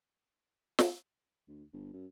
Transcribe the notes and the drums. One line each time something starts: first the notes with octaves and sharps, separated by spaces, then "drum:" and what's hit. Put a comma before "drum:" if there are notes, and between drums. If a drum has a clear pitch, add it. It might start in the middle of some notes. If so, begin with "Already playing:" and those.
drum: snare
D2
G1
F#2